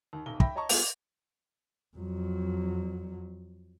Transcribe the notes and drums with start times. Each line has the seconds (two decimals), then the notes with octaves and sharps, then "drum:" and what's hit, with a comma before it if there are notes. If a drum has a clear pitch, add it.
0.13 D#2
0.26 D#1 B1 G7
0.40 E5 G5 B5 A#6, drum: kick
0.56 C#5 D#5 A5 A#5 C#6
0.69 G3 B3 E4 F4 G#4 A4, drum: open hi-hat
1.97 F2 F#3